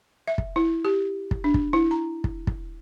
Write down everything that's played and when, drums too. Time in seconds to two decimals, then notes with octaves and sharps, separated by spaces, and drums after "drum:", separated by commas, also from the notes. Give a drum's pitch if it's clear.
0.28 E5
0.38 drum: kick
0.56 E4
0.85 G4
1.31 drum: kick
1.44 D4
1.54 drum: kick
1.73 E4
1.91 A#5
2.24 drum: kick
2.47 drum: kick